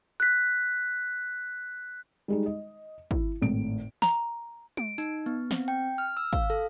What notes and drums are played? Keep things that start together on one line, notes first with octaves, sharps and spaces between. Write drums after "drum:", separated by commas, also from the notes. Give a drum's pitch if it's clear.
F#6 B6
G3 G#3 D#4
D#5
E4, drum: kick
G#1 A2 D7
A#5, drum: snare
D7, drum: tom G#3
D#4, drum: tambourine
B3
C4, drum: snare
G5
F6
E6
F5, drum: kick
A4